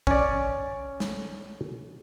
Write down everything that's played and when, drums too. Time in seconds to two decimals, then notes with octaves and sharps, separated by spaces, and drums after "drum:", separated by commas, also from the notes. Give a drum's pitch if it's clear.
0.07 C#4 D5, drum: kick
1.00 drum: snare